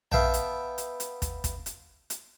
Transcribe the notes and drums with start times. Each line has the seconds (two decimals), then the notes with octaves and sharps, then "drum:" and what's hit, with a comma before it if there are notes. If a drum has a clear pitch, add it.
0.12 B3 E5 F5 G5 A5, drum: tom A#1
0.34 drum: hi-hat
0.78 drum: hi-hat
1.00 drum: hi-hat
1.22 drum: kick, hi-hat
1.44 drum: kick, hi-hat
1.66 drum: hi-hat
2.10 drum: hi-hat